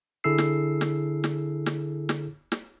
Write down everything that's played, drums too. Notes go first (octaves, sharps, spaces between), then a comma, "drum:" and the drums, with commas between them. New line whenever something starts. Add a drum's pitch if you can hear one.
D3 E4 G#4 A4 E6 C7
drum: snare
drum: snare
drum: snare
drum: snare
drum: snare
drum: snare